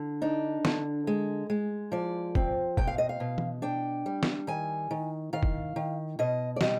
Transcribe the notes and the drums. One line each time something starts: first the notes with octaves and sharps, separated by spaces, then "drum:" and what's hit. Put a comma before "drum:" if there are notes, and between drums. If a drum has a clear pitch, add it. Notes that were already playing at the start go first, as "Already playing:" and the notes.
Already playing: D3
D4 D#4
D3, drum: snare
G#3
G#3
F3 D5
C4, drum: kick
B2 G5, drum: kick
F5
D#5
F5
B2
drum: tom E3
D4 G5
G3
drum: snare
D#3 G#5
D#3
D#3 F5
drum: kick
D#3
B2 D#5
D5
G3 D#5, drum: snare